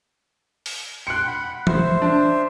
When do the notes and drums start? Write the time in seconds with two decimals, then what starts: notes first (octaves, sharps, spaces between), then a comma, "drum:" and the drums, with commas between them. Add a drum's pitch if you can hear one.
0.66 drum: open hi-hat
1.07 G5 C6 F#6 C#7
1.27 F#5 B5
1.67 C5 E5, drum: tom
2.02 D4